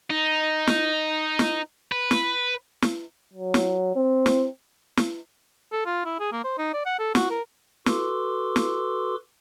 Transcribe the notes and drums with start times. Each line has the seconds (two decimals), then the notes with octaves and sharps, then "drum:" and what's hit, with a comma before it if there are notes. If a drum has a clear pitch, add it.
0.10 D#4
0.67 drum: snare
1.39 drum: snare
1.92 B4
2.11 drum: snare
2.82 drum: snare
3.33 F#3
3.54 drum: snare
3.96 C4
4.26 drum: snare
4.97 drum: snare
5.72 A4
5.86 F4
6.05 E4
6.20 G#4
6.32 A#3
6.44 C5
6.58 D#4
6.74 D5
6.86 F#5
6.99 A4
7.15 F#4, drum: snare
7.30 A#4
7.86 F#4 A4 B4 C6 D6 E6, drum: snare
8.56 drum: snare